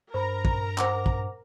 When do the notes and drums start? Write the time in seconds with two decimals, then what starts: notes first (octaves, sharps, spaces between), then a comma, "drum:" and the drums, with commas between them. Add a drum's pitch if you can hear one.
0.14 G2 A#4 C5 A#5 B5
0.45 drum: kick
0.78 C5 F#5 D6, drum: clap
1.06 drum: kick